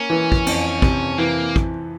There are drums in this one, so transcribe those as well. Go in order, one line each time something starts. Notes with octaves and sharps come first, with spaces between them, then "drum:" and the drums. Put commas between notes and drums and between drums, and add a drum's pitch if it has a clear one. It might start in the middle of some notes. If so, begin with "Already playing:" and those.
Already playing: A#3 C#4
E3
drum: kick
F2, drum: cymbal
C3, drum: kick
E3 A#3
drum: kick